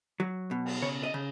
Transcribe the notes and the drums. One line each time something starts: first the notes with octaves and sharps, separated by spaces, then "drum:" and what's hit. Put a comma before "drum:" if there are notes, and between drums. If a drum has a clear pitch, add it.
F#3
B2
drum: cymbal
C#3 C#5
D#5
C#3